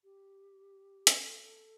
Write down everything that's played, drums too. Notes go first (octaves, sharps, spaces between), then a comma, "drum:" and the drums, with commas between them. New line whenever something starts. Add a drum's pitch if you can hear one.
G4
A4, drum: hi-hat